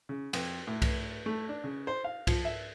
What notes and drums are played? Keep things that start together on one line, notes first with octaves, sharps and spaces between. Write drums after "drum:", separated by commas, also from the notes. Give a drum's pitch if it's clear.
C#3
F2, drum: cymbal
A2
drum: kick C2, cymbal
A3
D4
C#3
C5
F5
F3, drum: kick C2, cymbal
E5